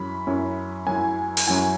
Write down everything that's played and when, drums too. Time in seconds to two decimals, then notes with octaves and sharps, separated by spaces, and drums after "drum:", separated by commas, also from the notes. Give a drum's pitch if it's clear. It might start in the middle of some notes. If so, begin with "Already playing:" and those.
Already playing: F#2 F#3 C#4 E4 B5
0.27 F#2 F#3 C#4 E4
0.87 F#2 F#3 C#4 E4 G#5
1.37 drum: open hi-hat
1.47 F#2 F#3 C#4 E4 G#5